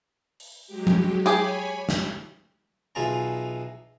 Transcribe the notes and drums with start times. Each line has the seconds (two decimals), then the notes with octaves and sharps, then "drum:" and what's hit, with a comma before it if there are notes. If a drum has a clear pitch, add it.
0.40 drum: open hi-hat
0.67 F#3 G#3 G4
0.87 drum: tom F3
1.26 G4 G#4 C#5 G#5 B5, drum: hi-hat
1.89 drum: snare
2.95 B1 E3 F4 G#4 A5 A#5